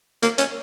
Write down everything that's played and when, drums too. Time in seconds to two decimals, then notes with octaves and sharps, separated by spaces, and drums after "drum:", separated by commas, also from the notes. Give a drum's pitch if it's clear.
0.23 A#3, drum: hi-hat
0.38 C#4, drum: hi-hat